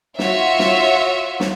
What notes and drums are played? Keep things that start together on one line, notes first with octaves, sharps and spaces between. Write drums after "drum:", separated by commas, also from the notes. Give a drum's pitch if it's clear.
F4 F#4 C#5 E5, drum: snare
drum: snare
drum: snare